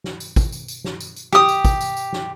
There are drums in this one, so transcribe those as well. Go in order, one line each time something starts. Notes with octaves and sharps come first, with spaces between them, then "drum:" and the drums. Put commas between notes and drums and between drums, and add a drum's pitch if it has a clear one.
drum: snare
drum: tambourine
drum: kick, tambourine
drum: tambourine
drum: tambourine
drum: snare
drum: tambourine
drum: tambourine
G4 D#6, drum: snare
drum: tambourine
drum: kick, tambourine
drum: tambourine
drum: tambourine
drum: snare